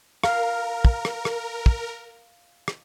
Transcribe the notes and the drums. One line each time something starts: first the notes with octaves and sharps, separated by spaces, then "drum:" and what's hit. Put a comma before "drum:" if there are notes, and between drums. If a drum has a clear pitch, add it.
A#4 F5, drum: rim click
drum: kick
drum: rim click
drum: rim click
drum: kick
drum: rim click